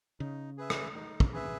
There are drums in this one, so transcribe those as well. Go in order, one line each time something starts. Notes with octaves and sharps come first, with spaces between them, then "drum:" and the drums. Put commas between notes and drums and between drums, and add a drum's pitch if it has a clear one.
C#3 D#4
G#4 B4 E5
drum: rim click
D#4
drum: kick
G#4 B4 E5